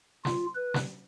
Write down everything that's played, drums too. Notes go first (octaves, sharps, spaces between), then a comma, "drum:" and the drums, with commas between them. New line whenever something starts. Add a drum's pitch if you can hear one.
F4, drum: snare
B4
drum: snare